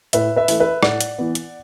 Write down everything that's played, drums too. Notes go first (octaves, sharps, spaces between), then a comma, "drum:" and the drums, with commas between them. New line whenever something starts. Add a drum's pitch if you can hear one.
A2 B4 E5, drum: hi-hat
B4 E5
E3 A3, drum: open hi-hat
B4 E5
A2 D5 F#5, drum: rim click
drum: hi-hat
E3 B3
drum: hi-hat